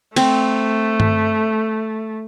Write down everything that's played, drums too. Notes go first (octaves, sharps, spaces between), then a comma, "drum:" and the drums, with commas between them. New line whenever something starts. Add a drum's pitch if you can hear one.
A3 C4, drum: cymbal
drum: tom G2